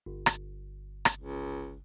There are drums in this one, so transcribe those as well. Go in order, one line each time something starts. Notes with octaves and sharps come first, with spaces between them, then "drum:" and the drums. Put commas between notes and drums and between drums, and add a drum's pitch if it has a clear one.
G1
drum: rim click
drum: rim click
C#2